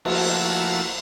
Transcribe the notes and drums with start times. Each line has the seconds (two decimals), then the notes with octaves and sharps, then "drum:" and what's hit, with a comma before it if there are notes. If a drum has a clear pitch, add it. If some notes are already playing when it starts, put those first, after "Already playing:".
0.05 F3 A3 A#3 E4 F#4, drum: cymbal